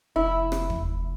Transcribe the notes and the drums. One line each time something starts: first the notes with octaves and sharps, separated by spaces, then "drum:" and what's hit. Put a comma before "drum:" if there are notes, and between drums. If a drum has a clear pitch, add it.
F1 E4
drum: rim click
drum: kick